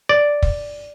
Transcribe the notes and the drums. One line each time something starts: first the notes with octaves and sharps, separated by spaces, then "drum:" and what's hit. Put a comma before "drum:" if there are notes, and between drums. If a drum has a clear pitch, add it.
D5
drum: kick